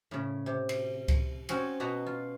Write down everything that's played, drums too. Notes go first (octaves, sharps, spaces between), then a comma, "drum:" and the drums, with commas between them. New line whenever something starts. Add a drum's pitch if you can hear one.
A2 C#3
C3
drum: cymbal
drum: kick C#2, cymbal
C4 C#4 F#4 G#4, drum: cymbal
B2 F#4 B4 D#5 A#5
F4